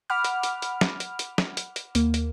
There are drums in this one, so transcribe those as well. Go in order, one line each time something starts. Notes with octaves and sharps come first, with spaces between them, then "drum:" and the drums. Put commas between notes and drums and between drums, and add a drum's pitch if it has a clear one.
F#5 B5 D6 F6
drum: hi-hat
drum: hi-hat
drum: hi-hat
drum: snare
drum: hi-hat
drum: hi-hat
drum: snare
drum: hi-hat
drum: hi-hat
D#2 A#3, drum: hi-hat
drum: hi-hat